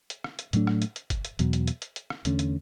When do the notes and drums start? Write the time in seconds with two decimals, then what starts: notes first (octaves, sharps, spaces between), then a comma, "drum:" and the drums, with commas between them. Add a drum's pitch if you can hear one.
0.10 drum: hi-hat
0.24 drum: rim click
0.39 drum: hi-hat
0.53 A2 F#3 A3 D4, drum: hi-hat
0.67 drum: rim click
0.82 drum: hi-hat
0.96 drum: hi-hat
1.10 drum: kick G1, hi-hat
1.25 drum: hi-hat
1.39 E2 B2 F#3, drum: hi-hat
1.53 drum: hi-hat
1.67 drum: hi-hat
1.82 drum: hi-hat
1.96 drum: hi-hat
2.10 drum: rim click
2.25 E2 D3 A3 C#4, drum: hi-hat
2.39 drum: hi-hat